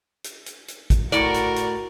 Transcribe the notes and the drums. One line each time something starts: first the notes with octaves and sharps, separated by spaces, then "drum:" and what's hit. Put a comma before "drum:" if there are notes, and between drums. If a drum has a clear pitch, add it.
drum: hi-hat
drum: hi-hat
drum: hi-hat
drum: kick, hi-hat
A2 F#4 A#4 D5, drum: hi-hat
drum: hi-hat
drum: hi-hat